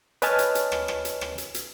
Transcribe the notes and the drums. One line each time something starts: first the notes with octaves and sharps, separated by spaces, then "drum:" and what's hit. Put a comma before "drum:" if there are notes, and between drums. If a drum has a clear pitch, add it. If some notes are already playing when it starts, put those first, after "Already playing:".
B4 C#5 D#5 G#5 A5 F6, drum: hi-hat
drum: hi-hat
drum: hi-hat
drum: rim click
drum: rim click
drum: hi-hat
drum: rim click
drum: hi-hat
drum: hi-hat